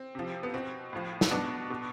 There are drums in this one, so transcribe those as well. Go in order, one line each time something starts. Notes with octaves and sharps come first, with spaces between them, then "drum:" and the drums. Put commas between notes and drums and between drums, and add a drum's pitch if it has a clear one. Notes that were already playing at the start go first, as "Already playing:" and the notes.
Already playing: C4
C3 F3
B3
B2 C4
A2 F3
drum: snare
B2 B3 D4
B2